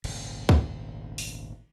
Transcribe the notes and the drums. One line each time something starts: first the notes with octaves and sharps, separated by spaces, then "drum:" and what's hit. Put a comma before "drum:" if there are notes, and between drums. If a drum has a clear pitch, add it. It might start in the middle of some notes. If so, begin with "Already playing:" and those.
D#1 G#1 C#3, drum: cymbal
drum: kick
drum: open hi-hat